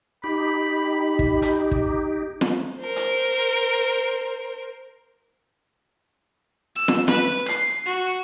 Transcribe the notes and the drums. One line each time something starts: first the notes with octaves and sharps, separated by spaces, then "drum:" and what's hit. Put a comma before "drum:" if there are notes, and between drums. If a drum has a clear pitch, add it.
D#4 G4 B5
drum: kick
drum: hi-hat
drum: kick
drum: snare
A#4 C5
drum: hi-hat
E6
drum: snare
B4, drum: snare
C7, drum: hi-hat
F#4